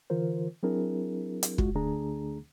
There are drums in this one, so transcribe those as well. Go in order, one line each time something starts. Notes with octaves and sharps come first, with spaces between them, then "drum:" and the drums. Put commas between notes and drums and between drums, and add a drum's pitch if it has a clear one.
D3 E3 F4 A#4 C5
F#3 C4 D4 E4 G#4 A#4
drum: hi-hat
C#2 F#2 G#3 F4 F#4, drum: kick
D2 D3 A3 D4 G#4 A#5